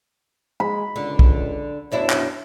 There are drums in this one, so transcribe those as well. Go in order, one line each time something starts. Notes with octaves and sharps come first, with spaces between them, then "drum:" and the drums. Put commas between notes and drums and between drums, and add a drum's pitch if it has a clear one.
G#3 B5
C#2 D3
drum: kick B1
F#2 B2 D4 E4 C#5
drum: clap